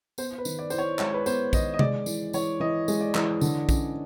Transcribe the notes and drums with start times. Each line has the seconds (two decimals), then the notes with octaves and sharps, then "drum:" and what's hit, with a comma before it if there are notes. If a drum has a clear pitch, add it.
0.18 B3 C5, drum: tambourine
0.38 B4
0.45 D#3, drum: tambourine
0.59 D5
0.70 E4 C5, drum: tambourine
0.78 C#5
0.99 G#3 C#5, drum: clap
1.14 B4
1.26 B3 C5, drum: tambourine
1.53 D#3 D#5, drum: kick A#1, tambourine
1.74 D#5
1.79 G#3 D5, drum: tom C3
2.06 E3, drum: tambourine
2.33 E3 C#5, drum: tambourine
2.60 E3 D#5
2.88 G#3, drum: tambourine
3.01 D5
3.15 E3, drum: clap
3.41 D3, drum: tambourine
3.69 C#4, drum: kick A#1, tambourine